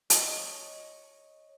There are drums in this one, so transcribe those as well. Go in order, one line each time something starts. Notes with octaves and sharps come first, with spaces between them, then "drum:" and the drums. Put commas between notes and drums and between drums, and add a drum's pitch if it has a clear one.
C#5 D#5, drum: hi-hat